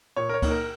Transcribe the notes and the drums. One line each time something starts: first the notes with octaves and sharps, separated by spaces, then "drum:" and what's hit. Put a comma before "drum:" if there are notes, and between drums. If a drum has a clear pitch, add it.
A#2 C#5
A#4
C#5
A#3 D#4, drum: kick C#2, cymbal
A#4